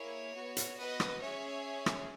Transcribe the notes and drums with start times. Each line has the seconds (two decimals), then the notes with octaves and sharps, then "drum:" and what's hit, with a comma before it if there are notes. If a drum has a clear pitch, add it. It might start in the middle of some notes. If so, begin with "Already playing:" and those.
Already playing: A#3 E4 G#4 C#5
0.35 B3 F#4
0.57 drum: hi-hat
0.78 B4 D#5
1.00 drum: rim click
1.21 C#4 G#4 C#5 E5
1.86 drum: rim click